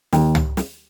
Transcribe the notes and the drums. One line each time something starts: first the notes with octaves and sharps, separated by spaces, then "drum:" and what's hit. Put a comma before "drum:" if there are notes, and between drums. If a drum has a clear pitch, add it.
D#2, drum: snare
drum: tom
drum: snare